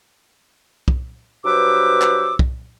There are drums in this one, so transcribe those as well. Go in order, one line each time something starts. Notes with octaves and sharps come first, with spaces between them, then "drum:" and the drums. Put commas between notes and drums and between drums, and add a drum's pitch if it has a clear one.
drum: kick
G2 F#3 B4 C5 D6 E6
drum: clap
drum: kick